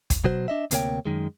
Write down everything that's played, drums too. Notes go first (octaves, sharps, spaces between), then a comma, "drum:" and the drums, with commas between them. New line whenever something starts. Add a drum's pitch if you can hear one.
drum: kick, hi-hat
B2 F#3 F#4 C5
D4 D#5 E5
D2 C3 A#3 C#5 G5, drum: hi-hat
F#2 D#3 G#3